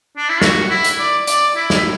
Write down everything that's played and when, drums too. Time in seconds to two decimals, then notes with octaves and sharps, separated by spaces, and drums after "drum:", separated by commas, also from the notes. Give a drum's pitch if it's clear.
0.17 D4
0.29 E4
0.42 F#4, drum: snare
0.70 E4
0.84 drum: hi-hat
0.99 D5
1.27 D5, drum: hi-hat
1.56 E4
1.70 drum: snare